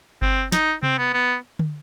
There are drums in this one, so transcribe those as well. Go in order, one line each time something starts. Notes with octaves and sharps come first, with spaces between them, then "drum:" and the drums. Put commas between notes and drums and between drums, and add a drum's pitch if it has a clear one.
C4, drum: kick G1
D#4, drum: snare
C4, drum: tom C3
B3
B3
drum: tom